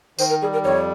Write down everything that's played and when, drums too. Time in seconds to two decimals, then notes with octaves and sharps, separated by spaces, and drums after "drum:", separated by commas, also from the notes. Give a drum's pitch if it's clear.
0.19 D#3 C5, drum: tambourine
0.30 A#4
0.42 G3 G#4
0.53 A#4
0.64 F2 C#5